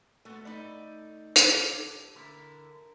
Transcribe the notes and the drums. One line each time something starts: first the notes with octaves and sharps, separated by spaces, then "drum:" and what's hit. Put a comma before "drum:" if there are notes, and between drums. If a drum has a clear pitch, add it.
A3 B3 F#4 A4
A3 D#4 A4 D5 B5
drum: hi-hat
D4 G4 A4
D3 E4 A#4